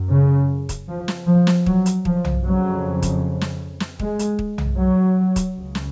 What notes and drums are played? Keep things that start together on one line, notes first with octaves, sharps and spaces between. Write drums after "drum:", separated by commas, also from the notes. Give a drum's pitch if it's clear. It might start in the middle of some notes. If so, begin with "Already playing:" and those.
Already playing: F#2
C#3
drum: kick, hi-hat
F3
drum: snare
F3
drum: snare
F#3, drum: kick
drum: hi-hat
F3, drum: kick
drum: tom
F2 C#3 F#3
drum: kick, hi-hat
drum: snare
drum: snare
G#3, drum: kick
drum: hi-hat
drum: kick
drum: tom
F#3
drum: kick, hi-hat
C#2 C#3
drum: snare